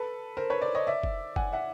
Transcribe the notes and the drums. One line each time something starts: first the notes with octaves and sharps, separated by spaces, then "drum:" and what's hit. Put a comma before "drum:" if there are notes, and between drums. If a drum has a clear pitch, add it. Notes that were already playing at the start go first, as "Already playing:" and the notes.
Already playing: A4 B4
A#4 C5
B4 C#5
C5 D5
C#5 D#5
D5 E5
drum: kick
F#5 G#5, drum: kick
E5 F#5